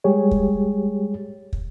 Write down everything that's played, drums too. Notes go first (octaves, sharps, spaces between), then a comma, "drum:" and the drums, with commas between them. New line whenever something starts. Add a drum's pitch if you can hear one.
G3 G#3 G4 G#4 C#5
drum: kick
drum: kick